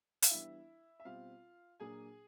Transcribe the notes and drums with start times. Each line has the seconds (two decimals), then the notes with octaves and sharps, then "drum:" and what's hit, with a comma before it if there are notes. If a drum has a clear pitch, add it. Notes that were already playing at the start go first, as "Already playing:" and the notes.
0.22 F5, drum: hi-hat
0.30 E3 G3 B3 D4 E4 E5
1.00 E5
1.05 B2 G3 C4 F4 F5
1.80 A#2 F#3 A#3 D4 G#4 G#5